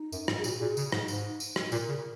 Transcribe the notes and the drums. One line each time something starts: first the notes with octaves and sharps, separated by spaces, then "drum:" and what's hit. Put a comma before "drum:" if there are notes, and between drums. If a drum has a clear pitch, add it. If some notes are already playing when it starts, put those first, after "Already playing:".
Already playing: D#4
F#2, drum: tambourine
G#2, drum: rim click
G#4
A#2 F#4, drum: tambourine
A#2 G#4
C#3, drum: tambourine
G#2, drum: rim click
G#2, drum: tambourine
drum: tambourine
drum: rim click
A#2 A#4, drum: tambourine
C#3